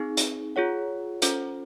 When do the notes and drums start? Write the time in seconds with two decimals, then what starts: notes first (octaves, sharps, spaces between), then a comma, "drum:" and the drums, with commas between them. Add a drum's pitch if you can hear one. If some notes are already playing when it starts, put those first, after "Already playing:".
Already playing: C4 D#4 G#4
0.17 drum: hi-hat
0.56 F4 G#4 C#5 F#5
1.22 C#4 F4 A4 C5, drum: hi-hat